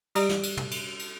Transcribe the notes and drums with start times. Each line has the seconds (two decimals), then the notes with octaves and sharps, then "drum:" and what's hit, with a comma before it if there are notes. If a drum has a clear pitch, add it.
0.15 G3 G4 D5 A#5, drum: cymbal
0.29 drum: snare
0.43 drum: cymbal
0.57 drum: tom
0.71 drum: cymbal
0.99 drum: cymbal